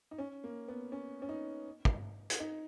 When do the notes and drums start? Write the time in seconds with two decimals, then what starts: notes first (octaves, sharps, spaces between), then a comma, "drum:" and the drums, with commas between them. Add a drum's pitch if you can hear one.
0.11 D#4
0.18 C#4
0.44 A#3
0.68 B3
0.92 C#4
1.22 C#4
1.29 D#4
1.85 drum: kick
2.30 drum: hi-hat
2.40 D#4